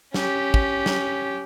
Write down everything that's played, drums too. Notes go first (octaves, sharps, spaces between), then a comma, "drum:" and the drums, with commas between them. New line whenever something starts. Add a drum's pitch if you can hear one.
C#4 G4, drum: snare
drum: kick
drum: snare